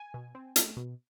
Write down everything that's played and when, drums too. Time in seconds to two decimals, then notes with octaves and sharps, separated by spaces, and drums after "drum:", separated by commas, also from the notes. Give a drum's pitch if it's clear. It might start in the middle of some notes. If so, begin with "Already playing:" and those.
Already playing: G#5
0.14 B2
0.35 C4
0.56 A3, drum: hi-hat
0.77 B2